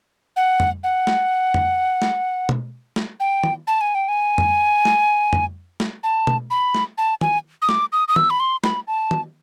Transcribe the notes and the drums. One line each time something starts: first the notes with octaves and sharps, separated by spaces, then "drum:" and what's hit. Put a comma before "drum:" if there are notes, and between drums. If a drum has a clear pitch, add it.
F#5
drum: tom F2
F#5
drum: snare
drum: tom F2
drum: snare
drum: tom B2
drum: snare
G5
drum: tom
A5
G#5
G5
G#5
drum: tom F2
drum: snare
drum: tom F2
drum: snare
A5
drum: tom B2
B5
drum: snare
A5
G#5, drum: tom
D#6
D6, drum: snare
D#6
D#6
E6, drum: tom
B5
C6
B5, drum: snare
A5
drum: tom